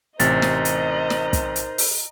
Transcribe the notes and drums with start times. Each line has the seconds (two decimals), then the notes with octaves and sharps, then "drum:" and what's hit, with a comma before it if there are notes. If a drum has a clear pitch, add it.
0.20 A1 C3 D#4 A#4 C5 D#5 A#5 A6, drum: hi-hat
0.42 drum: snare
0.65 drum: hi-hat
1.10 drum: snare
1.33 drum: kick, hi-hat
1.56 drum: hi-hat
1.78 drum: open hi-hat